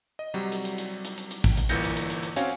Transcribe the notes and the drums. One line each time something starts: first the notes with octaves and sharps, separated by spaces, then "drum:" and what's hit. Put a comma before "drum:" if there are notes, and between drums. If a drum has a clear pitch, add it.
D#5
C3 F#3 G3
drum: hi-hat
drum: hi-hat
drum: hi-hat
drum: hi-hat
drum: hi-hat
drum: hi-hat
drum: kick, hi-hat
drum: hi-hat
G1 A#2 E3 G6 A#6 C#7, drum: hi-hat
drum: hi-hat
drum: hi-hat
drum: hi-hat
drum: hi-hat
C4 C#4 F#4 C#5 F5 G#5, drum: hi-hat